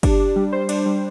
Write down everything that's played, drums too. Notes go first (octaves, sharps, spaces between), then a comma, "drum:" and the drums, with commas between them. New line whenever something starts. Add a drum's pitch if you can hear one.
D4 G4, drum: kick G1, cymbal
D4
G3
C5
D4, drum: cymbal
G3